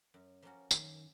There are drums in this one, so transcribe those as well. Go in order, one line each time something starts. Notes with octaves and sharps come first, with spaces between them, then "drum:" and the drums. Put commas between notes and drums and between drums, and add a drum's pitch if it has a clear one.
F#2
F3 A#3 C#4 F#4
F#2 D#3, drum: tambourine